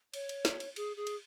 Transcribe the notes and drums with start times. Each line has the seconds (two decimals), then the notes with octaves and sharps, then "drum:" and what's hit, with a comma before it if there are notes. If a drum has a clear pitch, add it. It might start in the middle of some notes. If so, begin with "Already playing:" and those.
0.14 C#5, drum: cymbal
0.29 drum: cymbal
0.45 drum: snare
0.60 drum: cymbal
0.76 G#4, drum: cymbal
0.97 G#4
1.07 drum: cymbal